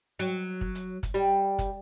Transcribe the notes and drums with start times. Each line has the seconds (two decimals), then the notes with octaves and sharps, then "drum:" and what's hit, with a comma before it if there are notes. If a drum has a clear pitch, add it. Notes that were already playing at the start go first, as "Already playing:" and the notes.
0.19 F#3, drum: hi-hat
0.61 drum: kick
0.75 drum: hi-hat
1.03 drum: kick, hi-hat
1.14 G3
1.59 drum: kick, hi-hat